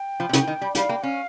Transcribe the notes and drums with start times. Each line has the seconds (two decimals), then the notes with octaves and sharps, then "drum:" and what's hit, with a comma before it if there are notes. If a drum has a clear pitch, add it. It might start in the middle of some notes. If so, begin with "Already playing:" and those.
Already playing: G5
0.20 F3
0.29 C3
0.33 C#3, drum: hi-hat
0.48 D#3
0.62 G3
0.75 G3 F5, drum: hi-hat
0.89 A#3 G5
1.03 C#4 F5